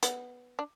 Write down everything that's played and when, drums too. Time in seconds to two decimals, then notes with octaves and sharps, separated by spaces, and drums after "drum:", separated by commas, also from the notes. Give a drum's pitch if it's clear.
0.03 B3, drum: hi-hat
0.59 D4